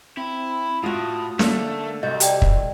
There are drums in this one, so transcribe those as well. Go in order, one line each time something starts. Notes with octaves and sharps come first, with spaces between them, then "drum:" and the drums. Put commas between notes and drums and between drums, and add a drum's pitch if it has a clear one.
C4 E4
A2 F4 F#4 D#6
D3 A3 A#3, drum: snare
C2 F#4 D#5 G6
G4 D5 G5 A5, drum: hi-hat
drum: kick